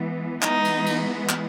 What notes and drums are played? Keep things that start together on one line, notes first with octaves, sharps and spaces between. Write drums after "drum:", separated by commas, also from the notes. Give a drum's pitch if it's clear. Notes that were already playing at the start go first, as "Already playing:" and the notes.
Already playing: E3 G#3 B3
E3 G#3 B3 D#4, drum: clap
drum: cymbal
drum: cymbal
drum: clap